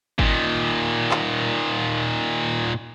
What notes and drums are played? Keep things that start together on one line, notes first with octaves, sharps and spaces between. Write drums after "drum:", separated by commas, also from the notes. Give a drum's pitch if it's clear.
A#2 D#3, drum: kick G1
drum: clap